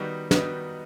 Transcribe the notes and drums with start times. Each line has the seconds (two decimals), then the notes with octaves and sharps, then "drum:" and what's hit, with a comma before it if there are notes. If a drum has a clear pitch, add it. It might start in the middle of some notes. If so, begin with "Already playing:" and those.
Already playing: D#3 G3 B3 D#4 F#4
0.31 D#3 G3 B3 D#4 F#4, drum: snare